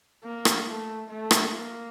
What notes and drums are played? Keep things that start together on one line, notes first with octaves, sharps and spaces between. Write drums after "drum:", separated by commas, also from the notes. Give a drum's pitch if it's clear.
A#3
drum: rim click
A3
A3
drum: rim click
A#3